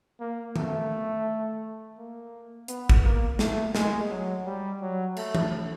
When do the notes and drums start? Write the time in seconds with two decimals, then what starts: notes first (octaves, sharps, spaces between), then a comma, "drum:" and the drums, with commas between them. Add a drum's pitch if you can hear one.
0.20 A#3
0.56 A3, drum: tom D#3
1.98 A#3
2.68 B3, drum: hi-hat
2.89 drum: kick
3.04 A#3
3.39 A3, drum: snare
3.75 G#3, drum: snare
4.10 F#3
4.46 G3
4.82 F#3
5.16 A3, drum: cymbal
5.35 drum: tom E3